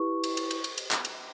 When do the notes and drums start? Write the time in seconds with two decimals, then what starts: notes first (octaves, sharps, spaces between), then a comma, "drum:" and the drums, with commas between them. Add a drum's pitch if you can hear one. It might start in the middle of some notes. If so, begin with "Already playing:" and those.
Already playing: E4 G4 B4 C#6
0.24 drum: cymbal
0.37 drum: cymbal
0.51 drum: cymbal
0.64 drum: cymbal
0.78 drum: cymbal
0.91 drum: clap
1.05 drum: cymbal